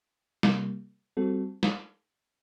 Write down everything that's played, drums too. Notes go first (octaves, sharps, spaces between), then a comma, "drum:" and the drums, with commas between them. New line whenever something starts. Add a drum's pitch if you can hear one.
C3 G3 A#3, drum: snare
G3 C4 F#4 A4
drum: snare